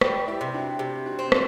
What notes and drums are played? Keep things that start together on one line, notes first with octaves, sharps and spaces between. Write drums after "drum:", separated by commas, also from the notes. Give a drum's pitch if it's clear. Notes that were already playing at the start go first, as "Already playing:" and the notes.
G3 G4 B4, drum: rim click
E4 G4
C3
D4 F#4
C3
D4 F#4
C4
F#4 A4, drum: rim click